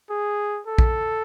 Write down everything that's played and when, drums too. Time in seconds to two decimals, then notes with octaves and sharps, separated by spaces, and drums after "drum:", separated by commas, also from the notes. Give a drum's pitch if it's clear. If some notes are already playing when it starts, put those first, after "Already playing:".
0.10 G#4
0.67 A4
0.79 drum: kick A#1